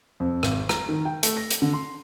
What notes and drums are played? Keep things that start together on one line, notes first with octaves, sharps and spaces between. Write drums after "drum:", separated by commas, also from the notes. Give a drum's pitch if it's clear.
F2
G#1, drum: rim click
A#5, drum: rim click
D#3
G5
A3, drum: hi-hat
A#6
drum: hi-hat
D3
C6